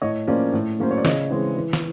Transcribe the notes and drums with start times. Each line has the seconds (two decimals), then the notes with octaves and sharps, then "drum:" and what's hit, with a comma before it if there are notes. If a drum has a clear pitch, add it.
0.02 A2 C#5 D#5
0.27 F3 A#3 C#4 C5 D5
0.53 A2
0.79 F#3 A#3 C#4 C5
0.91 C#5
0.98 D5
1.05 C#3 C#5 D#5, drum: snare
1.30 E3 G#3 C4
1.56 E3
1.73 drum: snare